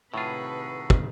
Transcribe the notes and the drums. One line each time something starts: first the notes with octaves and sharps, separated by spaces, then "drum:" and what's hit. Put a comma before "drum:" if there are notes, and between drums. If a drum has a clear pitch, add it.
A2 C3 D#3 F4 F#4 G#4 A4 B4
drum: kick